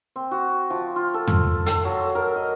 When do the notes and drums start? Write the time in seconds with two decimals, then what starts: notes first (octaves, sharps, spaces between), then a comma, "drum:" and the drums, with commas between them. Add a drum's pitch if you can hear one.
0.16 C4
0.31 F#4
0.70 F3
0.96 F4
1.14 A4
1.28 drum: tom
1.66 A4, drum: hi-hat
1.85 F#3
2.15 A#4
2.36 D#5